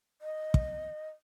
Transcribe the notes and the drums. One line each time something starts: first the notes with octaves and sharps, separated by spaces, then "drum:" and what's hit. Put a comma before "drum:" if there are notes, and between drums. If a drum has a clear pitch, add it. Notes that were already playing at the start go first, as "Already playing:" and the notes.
D#5
drum: kick